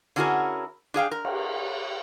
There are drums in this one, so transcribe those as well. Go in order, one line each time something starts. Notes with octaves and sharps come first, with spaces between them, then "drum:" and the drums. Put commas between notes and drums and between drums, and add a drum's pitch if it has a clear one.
D3 C#4 E4 F#4 G#4 A#4
D4 G#4 F5 G5
A#4
drum: cymbal